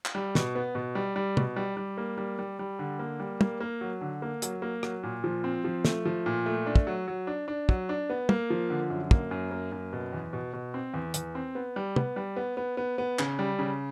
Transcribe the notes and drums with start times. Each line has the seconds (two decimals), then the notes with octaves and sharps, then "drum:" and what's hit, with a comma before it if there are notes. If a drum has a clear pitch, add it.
0.05 drum: clap
0.15 G3
0.35 B2, drum: snare
0.55 B3
0.75 B2
0.95 G3
1.16 G3
1.37 B2, drum: tom
1.56 G3
1.77 G3
1.98 A#3
2.18 G3
2.39 G3
2.59 G3
2.79 D3
2.99 A#3
3.20 G3
3.41 A#3, drum: tom
3.61 A#3
3.81 F#3
4.01 D3
4.22 A#3
4.42 F#3, drum: hi-hat
4.62 A#3
4.83 F#3, drum: rim click
5.03 A#2
5.24 F3
5.44 C4
5.64 F3
5.85 A3, drum: snare
6.05 F3
6.26 A#2
6.46 A3
6.66 D4
6.76 drum: kick
6.87 F#3
7.08 F#3
7.27 D4
7.48 D4
7.69 F#3, drum: kick
7.89 D4
8.10 B3
8.29 A#3, drum: tom
8.50 F3
8.70 D3
8.90 F#2
9.11 A#3, drum: kick
9.31 F#2
9.51 A#3
9.72 F#2
9.93 B2
10.13 E2
10.33 B2
10.53 B2
10.74 C4
10.94 E2
11.14 E2, drum: hi-hat
11.35 C4
11.55 B3
11.76 G3
11.96 B3, drum: tom
12.16 G3
12.36 B3
12.57 B3
12.77 B3
12.98 B3
13.19 C#3, drum: clap
13.39 G3
13.59 C#3